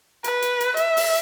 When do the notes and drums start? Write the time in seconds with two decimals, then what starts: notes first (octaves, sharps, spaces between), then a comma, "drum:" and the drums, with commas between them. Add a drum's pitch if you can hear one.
0.24 B4, drum: hi-hat
0.42 drum: hi-hat
0.60 drum: hi-hat
0.77 E5, drum: hi-hat
0.97 drum: open hi-hat